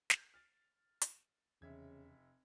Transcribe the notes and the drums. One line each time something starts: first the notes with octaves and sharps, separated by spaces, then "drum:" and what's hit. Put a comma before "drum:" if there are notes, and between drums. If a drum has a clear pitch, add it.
drum: snare
F6 A6
drum: hi-hat
F1 E2 C#3 E5 G#6